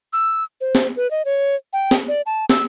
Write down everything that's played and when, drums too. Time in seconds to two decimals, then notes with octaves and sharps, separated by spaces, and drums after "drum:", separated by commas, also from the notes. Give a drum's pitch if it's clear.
0.13 E6
0.61 C5
0.75 drum: snare
0.96 B4
1.11 D#5
1.25 C#5
1.73 G5
1.91 drum: snare
2.08 D5
2.26 A5
2.50 E6, drum: snare